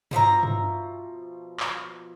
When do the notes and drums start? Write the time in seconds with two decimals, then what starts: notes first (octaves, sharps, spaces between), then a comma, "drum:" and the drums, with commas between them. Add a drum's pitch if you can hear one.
0.11 B2 F3 E5 A#5, drum: tom G2
0.43 drum: tom G2
1.60 drum: clap